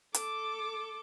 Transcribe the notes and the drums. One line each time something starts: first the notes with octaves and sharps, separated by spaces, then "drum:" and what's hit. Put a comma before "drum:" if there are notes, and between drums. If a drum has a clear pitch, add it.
A4 D6, drum: hi-hat